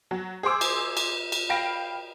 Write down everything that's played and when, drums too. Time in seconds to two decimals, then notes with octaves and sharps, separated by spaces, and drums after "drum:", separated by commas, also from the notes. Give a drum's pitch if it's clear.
0.11 F#3
0.43 G#4 C5 C6 D6 E6
0.61 drum: cymbal
0.97 drum: cymbal
1.32 drum: cymbal
1.49 F5 G5 B5 A#6 D7